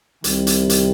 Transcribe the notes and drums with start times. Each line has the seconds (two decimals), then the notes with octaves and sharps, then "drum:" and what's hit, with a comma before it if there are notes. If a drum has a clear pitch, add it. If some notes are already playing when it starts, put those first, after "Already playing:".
0.24 C2 C3 D#3 G3, drum: hi-hat
0.47 drum: hi-hat
0.70 drum: hi-hat